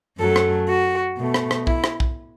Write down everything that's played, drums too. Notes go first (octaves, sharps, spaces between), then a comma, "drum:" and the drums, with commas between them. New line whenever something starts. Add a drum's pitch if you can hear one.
F#2 F#3 A3 A4
drum: rim click
F#4
B2 A3
drum: rim click
drum: rim click
E4, drum: kick
drum: rim click
drum: kick